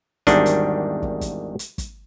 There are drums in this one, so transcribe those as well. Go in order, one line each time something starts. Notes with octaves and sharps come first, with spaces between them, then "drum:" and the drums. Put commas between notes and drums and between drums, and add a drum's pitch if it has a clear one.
G#1 E2 D#3 G3 D4 D#5, drum: kick, hi-hat
drum: hi-hat
drum: kick
drum: kick, hi-hat
drum: hi-hat
drum: kick, hi-hat